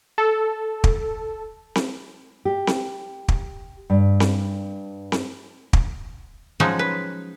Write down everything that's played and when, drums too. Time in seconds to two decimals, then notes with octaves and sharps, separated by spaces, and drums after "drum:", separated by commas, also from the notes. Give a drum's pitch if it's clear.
0.18 A4
0.84 drum: kick
1.75 drum: snare C4
2.45 G4
2.67 drum: snare C4
3.28 drum: kick
3.90 G2
4.20 drum: snare C4
5.12 drum: snare C4
5.73 drum: kick
6.60 F3 F#3 G#3 C#4 D#4 F#4
6.79 B4